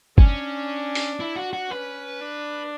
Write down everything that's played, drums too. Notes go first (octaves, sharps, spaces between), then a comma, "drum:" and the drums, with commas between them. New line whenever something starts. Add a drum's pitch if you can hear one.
C#4 D4, drum: kick F#1
drum: open hi-hat
E4
F#4
F#4
C#4 B4
D4